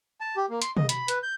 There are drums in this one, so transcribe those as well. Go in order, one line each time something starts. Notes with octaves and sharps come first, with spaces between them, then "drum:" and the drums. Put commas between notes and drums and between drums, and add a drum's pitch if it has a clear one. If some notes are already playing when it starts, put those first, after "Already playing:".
A5
G4
A#3
C6, drum: hi-hat
D#5, drum: tom
B5, drum: hi-hat
B4, drum: hi-hat
G6